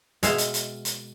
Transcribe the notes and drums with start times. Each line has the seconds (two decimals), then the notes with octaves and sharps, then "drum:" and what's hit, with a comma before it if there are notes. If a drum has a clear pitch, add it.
0.23 B2 G#3 E5 F5, drum: hi-hat
0.38 drum: hi-hat
0.54 drum: hi-hat
0.85 drum: hi-hat